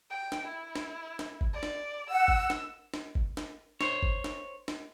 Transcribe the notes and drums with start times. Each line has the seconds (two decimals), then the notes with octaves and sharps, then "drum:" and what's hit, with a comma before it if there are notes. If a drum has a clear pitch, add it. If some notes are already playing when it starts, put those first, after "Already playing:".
0.10 G5
0.32 drum: snare
0.47 E4
0.76 drum: snare
1.19 drum: snare
1.41 drum: kick G1
1.53 D5
1.63 drum: snare
2.11 F#5 E6
2.28 drum: kick G1
2.50 drum: snare
2.94 drum: snare
3.15 drum: kick G1
3.37 drum: snare
3.81 C5 C#5, drum: snare
4.03 drum: kick G1
4.24 drum: snare
4.68 drum: snare